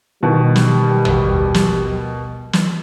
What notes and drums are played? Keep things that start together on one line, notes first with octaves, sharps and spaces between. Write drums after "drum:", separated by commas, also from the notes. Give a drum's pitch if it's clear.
B2 D#3 G3
drum: snare
drum: tom
drum: snare
drum: snare